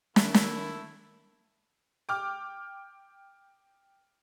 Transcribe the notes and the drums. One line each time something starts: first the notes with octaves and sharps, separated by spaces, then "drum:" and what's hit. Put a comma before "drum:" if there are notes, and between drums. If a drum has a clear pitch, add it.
D#3 A3 E4, drum: snare
drum: snare
G5 D6 F6